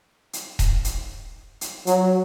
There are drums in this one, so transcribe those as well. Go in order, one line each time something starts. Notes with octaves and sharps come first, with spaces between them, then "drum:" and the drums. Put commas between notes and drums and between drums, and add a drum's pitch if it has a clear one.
drum: hi-hat
drum: kick D#1, hi-hat
drum: hi-hat
drum: hi-hat
F#3, drum: hi-hat